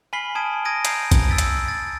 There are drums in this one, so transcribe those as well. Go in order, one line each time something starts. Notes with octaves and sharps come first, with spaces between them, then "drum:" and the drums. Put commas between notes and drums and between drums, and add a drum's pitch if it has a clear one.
G#5 B5 F6 B6 C7 G7
A5 D#6 F6 G#6 D7 D#7
D#6 G#6 A#6 D7 D#7
A#5 G6 C7 D7, drum: hi-hat
drum: kick A#1, hi-hat
E6 A6 B6 D7
drum: hi-hat
A6